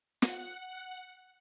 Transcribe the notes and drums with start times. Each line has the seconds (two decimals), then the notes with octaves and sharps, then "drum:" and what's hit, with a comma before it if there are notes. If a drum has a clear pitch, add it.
0.22 F#5, drum: snare